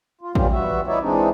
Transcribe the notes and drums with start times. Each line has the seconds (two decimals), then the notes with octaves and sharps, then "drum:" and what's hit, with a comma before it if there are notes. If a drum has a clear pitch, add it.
0.21 F4
0.35 G3 B3 C#4 F4 G4, drum: kick A1
0.52 G3 B3 F#4 E5
0.87 D#4 E4 C#5 D5 E5
1.02 E3 G#3 C4 D4 D#4